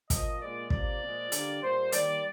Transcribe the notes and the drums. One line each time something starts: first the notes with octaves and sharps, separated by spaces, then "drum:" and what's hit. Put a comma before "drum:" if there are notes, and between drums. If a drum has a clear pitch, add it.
A#2 F3 A#3 D#5, drum: kick, hi-hat
A#2 G#3 D5
C3 F3 A#3 D5, drum: kick
A#2 F3 G#3
D3 G3 A#3, drum: hi-hat
A#2 G3 A#3 C5
D#3 G3 A#3 D5, drum: hi-hat